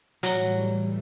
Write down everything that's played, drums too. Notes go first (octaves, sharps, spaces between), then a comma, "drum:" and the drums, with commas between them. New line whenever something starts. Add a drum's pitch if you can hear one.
A2 E3 F#3 G3, drum: hi-hat